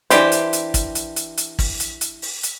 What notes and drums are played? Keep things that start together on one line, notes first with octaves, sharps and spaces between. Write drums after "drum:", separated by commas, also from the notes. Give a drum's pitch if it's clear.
E3 G#3 D4 G4 C5, drum: hi-hat
drum: hi-hat
drum: hi-hat
drum: kick, hi-hat
drum: hi-hat
drum: hi-hat
drum: hi-hat
drum: kick, open hi-hat
drum: hi-hat
drum: hi-hat
drum: open hi-hat
drum: hi-hat